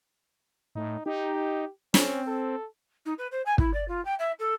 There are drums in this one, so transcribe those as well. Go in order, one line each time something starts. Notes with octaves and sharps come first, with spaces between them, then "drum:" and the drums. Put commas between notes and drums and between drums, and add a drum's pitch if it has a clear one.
A2 D#4
D#4 G4
C4 C#4, drum: snare
A4
D#4
B4
C5
G#5
E4, drum: kick
D5
F4
G5
E5
A4